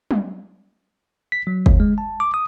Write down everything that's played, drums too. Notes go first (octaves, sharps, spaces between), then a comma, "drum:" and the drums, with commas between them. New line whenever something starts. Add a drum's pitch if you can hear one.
drum: tom
B6
F#3
D#2, drum: kick F#1
G#3
A5
D6
D#6